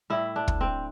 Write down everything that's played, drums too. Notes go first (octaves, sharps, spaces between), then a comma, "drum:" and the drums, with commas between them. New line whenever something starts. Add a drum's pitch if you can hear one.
A2 G3 E4
D4
drum: kick
C4